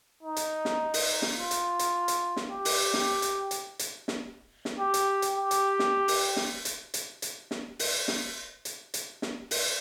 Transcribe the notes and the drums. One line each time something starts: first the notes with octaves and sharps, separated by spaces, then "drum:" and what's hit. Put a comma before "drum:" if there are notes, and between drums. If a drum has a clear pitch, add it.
D#4
drum: hi-hat
drum: snare
drum: open hi-hat
drum: snare
F4
drum: hi-hat
drum: hi-hat
drum: hi-hat
drum: snare
G4
drum: open hi-hat
drum: snare
drum: hi-hat
drum: hi-hat
drum: hi-hat
drum: snare
drum: snare
G4
drum: hi-hat
drum: hi-hat
G4
drum: hi-hat
drum: snare
drum: open hi-hat
drum: snare
drum: hi-hat
drum: hi-hat
drum: hi-hat
drum: snare
drum: open hi-hat
drum: snare
drum: hi-hat
drum: hi-hat
drum: snare
drum: open hi-hat